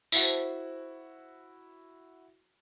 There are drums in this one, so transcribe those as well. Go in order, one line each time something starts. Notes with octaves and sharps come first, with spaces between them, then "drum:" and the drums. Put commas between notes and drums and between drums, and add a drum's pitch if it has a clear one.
C4 E4 F#4 A4 E5, drum: tambourine